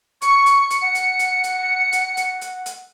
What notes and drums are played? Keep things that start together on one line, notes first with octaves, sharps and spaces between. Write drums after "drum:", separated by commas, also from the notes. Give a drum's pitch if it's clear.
C#6 C#7, drum: hi-hat
drum: hi-hat
drum: hi-hat
F#5
drum: hi-hat
drum: hi-hat
drum: hi-hat
drum: hi-hat
drum: hi-hat
drum: hi-hat
drum: hi-hat